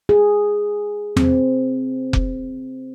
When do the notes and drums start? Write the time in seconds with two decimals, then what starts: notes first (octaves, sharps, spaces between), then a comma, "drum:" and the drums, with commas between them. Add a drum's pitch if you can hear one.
0.09 G#4
1.17 C4, drum: tom E2
2.13 drum: kick F1